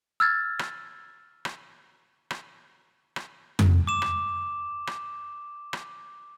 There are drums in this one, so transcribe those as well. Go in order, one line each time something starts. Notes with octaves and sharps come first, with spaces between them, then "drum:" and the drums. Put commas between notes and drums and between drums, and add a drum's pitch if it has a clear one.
E6 F6 G#6 A6
drum: rim click
drum: rim click
drum: rim click
drum: rim click
drum: tom F2
D6 E7
drum: rim click
drum: rim click
drum: rim click